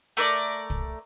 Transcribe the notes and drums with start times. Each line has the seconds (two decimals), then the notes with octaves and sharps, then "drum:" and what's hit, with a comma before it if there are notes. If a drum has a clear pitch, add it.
0.17 A3 A#4 D5
0.70 drum: kick